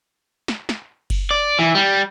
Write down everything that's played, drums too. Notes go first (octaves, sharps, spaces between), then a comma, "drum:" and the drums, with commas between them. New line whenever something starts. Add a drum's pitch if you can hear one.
drum: snare
drum: snare
drum: kick F#1, cymbal
D5
E3
G3